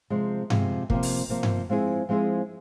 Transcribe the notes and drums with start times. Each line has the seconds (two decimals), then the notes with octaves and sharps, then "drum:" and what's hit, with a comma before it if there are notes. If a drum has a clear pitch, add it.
0.10 C3 F3 G#3
0.50 C3 F3 G#3, drum: tom G2
0.90 C3 F3 A#3, drum: kick
1.03 drum: open hi-hat
1.29 C3 F3 A#3
1.43 drum: tom G2
1.69 F3 G#3 C4 E4 G#4
2.09 F3 G#3 C4 E4 G#4